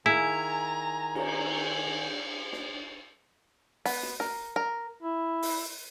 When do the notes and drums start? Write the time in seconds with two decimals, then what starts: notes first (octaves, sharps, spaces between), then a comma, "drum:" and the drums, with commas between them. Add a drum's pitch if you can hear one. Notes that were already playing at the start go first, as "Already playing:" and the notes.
0.06 D#3 E4 G#4 F5 G#5 A#5
1.15 drum: cymbal
2.53 drum: snare
3.86 B3, drum: open hi-hat
4.03 drum: snare
4.20 A#4, drum: snare
4.56 A#4
5.03 E4
5.42 drum: open hi-hat